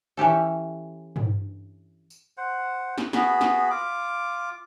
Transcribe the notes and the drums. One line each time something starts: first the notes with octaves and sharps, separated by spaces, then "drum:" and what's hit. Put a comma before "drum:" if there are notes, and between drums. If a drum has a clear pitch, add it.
E3 C#4 G4 A4
drum: tom
drum: tambourine
C5 F#5
drum: snare
B3 F#4 G#4 B5, drum: snare
drum: snare
F4 D6